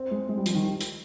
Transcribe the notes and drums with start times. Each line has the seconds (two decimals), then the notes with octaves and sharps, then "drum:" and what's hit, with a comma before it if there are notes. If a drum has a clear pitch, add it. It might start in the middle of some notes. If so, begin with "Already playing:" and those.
Already playing: C4
0.11 G#3
0.29 G#3
0.37 G3
0.46 F3, drum: hi-hat
0.55 D#3
0.81 drum: hi-hat